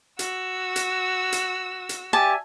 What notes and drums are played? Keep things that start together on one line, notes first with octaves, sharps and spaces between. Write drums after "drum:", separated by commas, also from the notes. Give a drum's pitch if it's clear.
F#4 E6, drum: hi-hat
drum: hi-hat
drum: hi-hat
drum: hi-hat
G4 D5 E5 G#5 A5